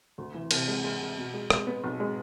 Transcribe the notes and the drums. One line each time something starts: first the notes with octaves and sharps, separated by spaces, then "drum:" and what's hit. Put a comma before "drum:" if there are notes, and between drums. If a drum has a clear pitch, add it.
D2
E3
C3, drum: cymbal
G#3
G#3
G#3
B2
G#3
G#3, drum: rim click
B3
B1
G#3